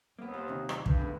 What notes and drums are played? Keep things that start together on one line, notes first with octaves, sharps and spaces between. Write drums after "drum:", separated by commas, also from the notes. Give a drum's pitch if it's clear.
D#2 A#3 B3
B3 C5
C3 D#3
drum: rim click
G2, drum: kick
E2 A2 D3